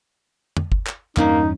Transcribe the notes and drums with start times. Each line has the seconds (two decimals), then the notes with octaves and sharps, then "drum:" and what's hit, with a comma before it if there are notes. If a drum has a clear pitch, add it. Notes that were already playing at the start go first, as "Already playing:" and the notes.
0.57 drum: tom
0.72 drum: kick
0.87 drum: clap
1.17 E2 G2 A#3 C#4 D#4, drum: clap